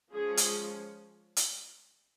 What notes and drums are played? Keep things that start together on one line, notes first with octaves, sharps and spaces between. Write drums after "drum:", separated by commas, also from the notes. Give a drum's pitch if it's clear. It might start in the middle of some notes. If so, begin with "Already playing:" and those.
F3 G#3 C#4 G#4
drum: hi-hat
drum: hi-hat